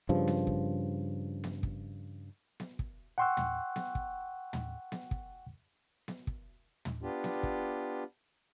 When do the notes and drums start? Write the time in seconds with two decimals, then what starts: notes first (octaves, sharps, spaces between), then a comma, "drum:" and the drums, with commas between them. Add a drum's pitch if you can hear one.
0.09 G2 C#3 F3
0.28 drum: snare B3
0.47 drum: kick
1.44 drum: snare B3
1.63 drum: kick
2.60 drum: snare B3
2.79 drum: kick
3.18 F#5 G5 C6 C#6 E6 F#6
3.37 drum: tom
3.76 drum: snare B3
3.95 drum: kick
4.53 drum: tom
4.92 drum: snare B3
5.11 drum: kick
6.08 drum: snare B3
6.27 drum: kick
6.85 drum: tom
7.02 B3 D4 F4 G4
7.24 drum: snare B3
7.43 drum: kick